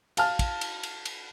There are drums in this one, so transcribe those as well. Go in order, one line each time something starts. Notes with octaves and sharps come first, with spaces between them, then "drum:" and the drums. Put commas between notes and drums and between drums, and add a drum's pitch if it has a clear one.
F5 A5 F6, drum: cymbal
drum: kick, cymbal
drum: cymbal
drum: cymbal
drum: cymbal